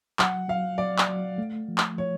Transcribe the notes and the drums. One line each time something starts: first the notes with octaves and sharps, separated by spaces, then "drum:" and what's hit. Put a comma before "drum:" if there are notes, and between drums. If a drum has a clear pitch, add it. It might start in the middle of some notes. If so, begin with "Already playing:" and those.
F#3 F#5, drum: clap
F#3 F5
F#3 D5
drum: clap
F#3
A3
F3
drum: clap
F3 C#5